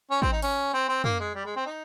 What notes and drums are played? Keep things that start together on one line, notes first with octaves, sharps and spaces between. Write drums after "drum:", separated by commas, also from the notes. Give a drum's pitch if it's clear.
C#4
C4, drum: kick
D#4
C#4, drum: open hi-hat
C4
C4
A#3, drum: tom
G#3
G3
G#3
C4
D#4